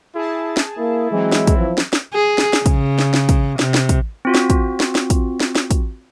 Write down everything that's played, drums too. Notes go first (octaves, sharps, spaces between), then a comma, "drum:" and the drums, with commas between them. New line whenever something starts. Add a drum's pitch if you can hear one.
E4 G#4 A5
drum: snare
A#3 E4
E3 F#3 G#3 C4
drum: snare
drum: kick, hi-hat
F3
drum: snare
drum: snare
G#4
drum: snare
drum: snare
C#3, drum: kick, hi-hat
drum: snare
drum: snare
drum: kick, hi-hat
C3, drum: snare
drum: snare
drum: kick, hi-hat
C4 F4 F#4
drum: snare
drum: kick, hi-hat
drum: snare
drum: snare
drum: kick, hi-hat
drum: snare
drum: snare
drum: kick, hi-hat